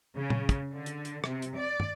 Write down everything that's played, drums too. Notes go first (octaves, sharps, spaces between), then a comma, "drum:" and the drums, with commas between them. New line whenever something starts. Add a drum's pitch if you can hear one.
C#3
drum: tom A#2
drum: kick, hi-hat
D3
drum: hi-hat
drum: hi-hat
C3, drum: rim click
drum: hi-hat
D5
drum: tom